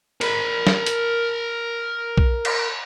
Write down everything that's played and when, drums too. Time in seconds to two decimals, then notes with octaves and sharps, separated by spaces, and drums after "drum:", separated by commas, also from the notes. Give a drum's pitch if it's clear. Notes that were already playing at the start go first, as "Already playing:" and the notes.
0.21 A#4 B5, drum: cymbal
0.67 drum: snare
0.86 drum: hi-hat
2.18 drum: kick
2.45 drum: cymbal